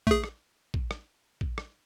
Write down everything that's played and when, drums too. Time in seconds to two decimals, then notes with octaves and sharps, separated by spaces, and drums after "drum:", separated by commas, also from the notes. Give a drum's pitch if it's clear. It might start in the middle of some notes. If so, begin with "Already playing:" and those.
0.07 A3 G#4, drum: kick
0.24 drum: rim click
0.74 drum: kick
0.91 drum: rim click
1.41 drum: kick
1.58 drum: rim click